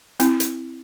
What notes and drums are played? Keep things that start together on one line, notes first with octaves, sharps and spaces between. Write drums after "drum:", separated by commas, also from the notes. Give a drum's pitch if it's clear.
C4 E4, drum: hi-hat
drum: hi-hat